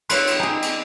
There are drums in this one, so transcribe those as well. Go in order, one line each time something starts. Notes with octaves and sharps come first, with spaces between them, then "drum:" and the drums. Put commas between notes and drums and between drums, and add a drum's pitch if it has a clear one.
B4 C#5 F5 C6, drum: cymbal
drum: cymbal
D#4 G#4 G5 G#5
drum: cymbal